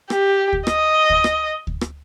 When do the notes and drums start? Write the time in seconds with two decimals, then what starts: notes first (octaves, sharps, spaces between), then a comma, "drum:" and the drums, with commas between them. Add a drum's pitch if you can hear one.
0.10 G4, drum: rim click
0.53 drum: kick D2
0.67 D#5, drum: rim click
1.10 drum: kick D2
1.24 drum: rim click
1.67 drum: kick D2
1.81 drum: rim click